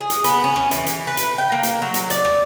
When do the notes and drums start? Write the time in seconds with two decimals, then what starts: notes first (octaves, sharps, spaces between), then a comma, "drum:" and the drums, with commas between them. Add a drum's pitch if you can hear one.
0.01 G#4
0.10 drum: hi-hat
0.24 B3, drum: hi-hat
0.44 C#4
0.56 drum: rim click
0.71 E3, drum: hi-hat
0.86 drum: hi-hat
1.07 B4
1.17 drum: hi-hat
1.38 G5
1.52 A#3
1.63 drum: hi-hat
1.82 F#3
1.94 drum: hi-hat
2.10 D5, drum: hi-hat
2.25 drum: rim click